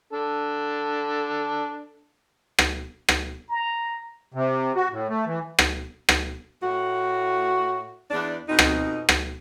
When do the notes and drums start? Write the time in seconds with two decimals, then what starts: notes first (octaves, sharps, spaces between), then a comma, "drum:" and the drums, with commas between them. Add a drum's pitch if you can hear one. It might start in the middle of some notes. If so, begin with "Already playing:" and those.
0.13 D4 A4
2.59 drum: rim click
3.09 drum: rim click
3.49 A#5
4.34 C3
4.75 F#4
4.91 A2
5.09 A3
5.26 E3
5.59 drum: rim click
6.09 drum: rim click
6.63 A2 F#4
8.11 E2 D4
8.48 F2 B2 C4 D#4
8.59 drum: rim click
9.09 drum: rim click